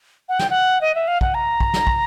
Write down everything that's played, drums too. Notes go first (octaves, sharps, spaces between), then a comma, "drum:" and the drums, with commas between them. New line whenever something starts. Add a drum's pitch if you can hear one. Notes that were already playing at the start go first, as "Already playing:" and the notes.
F#5
G5, drum: snare
F#5
D#5
E5
F5
F#5, drum: kick
A#5
drum: kick
drum: snare
drum: kick